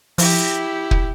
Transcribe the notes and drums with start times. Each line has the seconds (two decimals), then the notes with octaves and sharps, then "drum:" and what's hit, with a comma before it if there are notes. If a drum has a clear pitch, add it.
0.18 F3 E4 G4, drum: open hi-hat
0.91 drum: kick